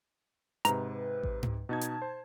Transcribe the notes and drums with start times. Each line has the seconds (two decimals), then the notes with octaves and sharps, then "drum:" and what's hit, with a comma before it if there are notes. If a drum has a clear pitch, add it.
0.65 G#2 C3 B4 A#5, drum: hi-hat
1.23 drum: kick A1
1.43 drum: tom G#2
1.69 B2 D#4 A5 G#6
1.81 drum: hi-hat
2.02 C5